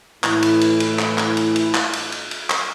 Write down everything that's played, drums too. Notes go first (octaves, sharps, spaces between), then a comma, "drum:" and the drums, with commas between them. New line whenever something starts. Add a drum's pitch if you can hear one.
A2 E3 E4, drum: clap
drum: cymbal
drum: cymbal
drum: cymbal
drum: clap
drum: clap
drum: cymbal
drum: cymbal
drum: clap
drum: cymbal
drum: cymbal
drum: cymbal
drum: clap